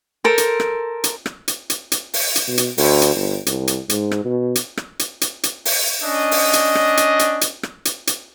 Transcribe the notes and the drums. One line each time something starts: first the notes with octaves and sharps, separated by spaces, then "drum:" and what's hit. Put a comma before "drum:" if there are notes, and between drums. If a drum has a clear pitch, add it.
A4 A#4 C5
drum: hi-hat
drum: rim click
drum: hi-hat
drum: rim click
drum: hi-hat
drum: hi-hat
drum: hi-hat
drum: open hi-hat
drum: hi-hat
B2
drum: hi-hat
D2, drum: open hi-hat
drum: hi-hat
G1
C2, drum: hi-hat
drum: hi-hat
G#2, drum: hi-hat
drum: rim click
B2
drum: hi-hat
drum: rim click
drum: hi-hat
drum: hi-hat
drum: hi-hat
drum: open hi-hat
C#4 D4 D#5
drum: open hi-hat
drum: hi-hat
drum: rim click
drum: hi-hat
drum: hi-hat
drum: hi-hat
drum: rim click
drum: hi-hat
drum: hi-hat